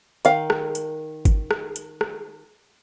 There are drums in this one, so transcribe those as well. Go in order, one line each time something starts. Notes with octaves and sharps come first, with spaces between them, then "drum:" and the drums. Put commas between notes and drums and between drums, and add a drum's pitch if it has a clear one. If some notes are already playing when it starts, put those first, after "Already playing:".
D#3 F5, drum: hi-hat
drum: rim click
drum: hi-hat
drum: kick G#1, hi-hat
drum: rim click
drum: hi-hat
drum: rim click